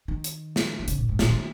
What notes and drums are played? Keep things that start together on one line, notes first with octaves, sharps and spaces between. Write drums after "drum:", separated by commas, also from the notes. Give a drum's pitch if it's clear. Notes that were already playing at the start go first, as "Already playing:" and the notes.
D#3
drum: hi-hat
drum: snare
D#3
C#3, drum: hi-hat
A#2
G#2
A#2, drum: snare
D#3